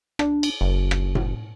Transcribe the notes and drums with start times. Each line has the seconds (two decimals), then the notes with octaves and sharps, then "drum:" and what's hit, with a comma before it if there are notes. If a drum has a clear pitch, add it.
0.19 D4, drum: rim click
0.43 drum: cymbal
0.61 F#1
0.91 drum: rim click
1.15 drum: tom A2